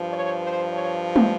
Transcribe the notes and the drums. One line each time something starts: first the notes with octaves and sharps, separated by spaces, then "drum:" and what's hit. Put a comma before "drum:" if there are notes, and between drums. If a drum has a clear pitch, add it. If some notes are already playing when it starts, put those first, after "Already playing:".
Already playing: G2 F3
C#5
C5
C#5
drum: tom